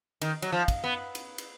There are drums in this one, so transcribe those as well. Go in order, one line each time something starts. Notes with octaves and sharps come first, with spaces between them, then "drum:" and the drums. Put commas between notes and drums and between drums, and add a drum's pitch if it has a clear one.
D#3, drum: cymbal
F#3, drum: cymbal
F3
drum: kick, cymbal
B3
drum: cymbal
drum: cymbal